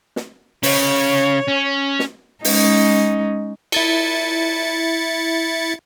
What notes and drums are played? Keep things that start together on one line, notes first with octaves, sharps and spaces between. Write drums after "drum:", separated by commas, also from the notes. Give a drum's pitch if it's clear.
drum: snare
C#3 C#5, drum: open hi-hat
C#4
drum: snare
G#3 C#4 D#4, drum: open hi-hat
E4 A6 C#7, drum: cymbal